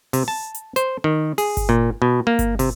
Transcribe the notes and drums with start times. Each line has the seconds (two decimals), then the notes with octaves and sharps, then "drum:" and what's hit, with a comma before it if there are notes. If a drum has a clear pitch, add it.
0.13 C3, drum: open hi-hat
0.28 A5
0.54 drum: hi-hat
0.76 C5, drum: hi-hat
1.04 D#3
1.38 G#4, drum: open hi-hat
1.57 drum: kick G1, hi-hat
1.69 A#2
2.02 B2
2.27 A#3
2.39 drum: kick G1, hi-hat
2.59 C3, drum: open hi-hat